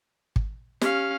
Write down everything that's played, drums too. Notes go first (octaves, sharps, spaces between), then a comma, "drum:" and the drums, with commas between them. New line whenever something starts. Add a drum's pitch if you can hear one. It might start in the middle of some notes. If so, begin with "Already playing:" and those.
drum: kick
C#4 G4 F5, drum: snare